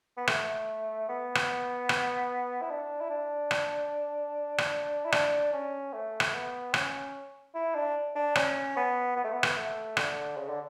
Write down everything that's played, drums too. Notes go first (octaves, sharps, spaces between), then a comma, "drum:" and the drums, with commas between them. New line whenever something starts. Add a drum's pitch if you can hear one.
B3
A3, drum: rim click
B3
drum: rim click
drum: rim click
E4
D4
E4
D4
drum: rim click
drum: rim click
E4
D4, drum: rim click
C#4
A3
drum: rim click
B3
C#4, drum: rim click
E4
D4
D4
C#4, drum: rim click
B3
B3
A3
B3
drum: rim click
A3
D3, drum: rim click
C#3
D3